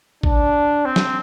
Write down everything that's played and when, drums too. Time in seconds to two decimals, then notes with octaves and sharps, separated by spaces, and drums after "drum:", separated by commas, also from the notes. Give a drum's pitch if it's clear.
0.23 D4, drum: kick
0.85 C4
0.96 drum: snare